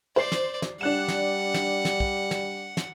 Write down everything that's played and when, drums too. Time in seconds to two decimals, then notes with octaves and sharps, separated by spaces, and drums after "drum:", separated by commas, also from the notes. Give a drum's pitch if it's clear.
0.16 C5 D5 C7
0.32 drum: snare
0.62 drum: snare
0.81 G3 D4 F#5 F#6 E7
1.08 drum: snare
1.54 drum: snare
1.85 drum: snare
2.00 drum: kick
2.31 drum: snare
2.77 drum: snare